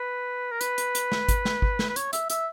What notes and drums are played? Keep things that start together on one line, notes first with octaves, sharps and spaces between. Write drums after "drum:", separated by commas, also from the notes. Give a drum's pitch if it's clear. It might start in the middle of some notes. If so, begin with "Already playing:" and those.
Already playing: B4
A#4
B4, drum: hi-hat
drum: hi-hat
drum: hi-hat
drum: snare
drum: kick G#1, hi-hat
drum: snare
drum: kick G#1
drum: snare
B4
C#5, drum: hi-hat
E5, drum: hi-hat
E5, drum: hi-hat